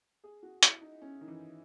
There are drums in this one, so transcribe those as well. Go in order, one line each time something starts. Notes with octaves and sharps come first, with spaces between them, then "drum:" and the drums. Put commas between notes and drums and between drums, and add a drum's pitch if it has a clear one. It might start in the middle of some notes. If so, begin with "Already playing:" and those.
G#4
F#4
E4, drum: hi-hat
D#4
C#4
D#3
E3